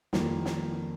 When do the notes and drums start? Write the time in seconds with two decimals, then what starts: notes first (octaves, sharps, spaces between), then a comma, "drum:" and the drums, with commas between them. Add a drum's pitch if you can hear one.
0.13 F2 D#3 G3 A#3, drum: snare
0.45 drum: snare